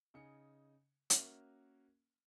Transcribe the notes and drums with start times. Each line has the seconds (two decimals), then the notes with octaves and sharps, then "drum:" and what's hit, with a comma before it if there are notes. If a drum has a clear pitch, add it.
0.14 C#3 D#4 G#5 C#7
1.10 A#3 C#4 F#4 A#4 E5, drum: hi-hat